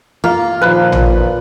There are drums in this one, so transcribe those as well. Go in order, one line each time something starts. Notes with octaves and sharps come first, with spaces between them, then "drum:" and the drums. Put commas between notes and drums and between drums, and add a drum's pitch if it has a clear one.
A#3 F4
A#2 D#3 F3 B4
drum: tom